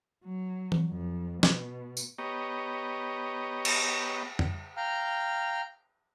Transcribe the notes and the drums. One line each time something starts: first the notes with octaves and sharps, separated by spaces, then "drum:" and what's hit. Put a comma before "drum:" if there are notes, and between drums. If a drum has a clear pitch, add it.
F#3
drum: tom E3
F2
B2, drum: snare
drum: tambourine
B3 G4 C#5 D#5 A#5
drum: cymbal
drum: tom F2
F5 G5 A#5 F6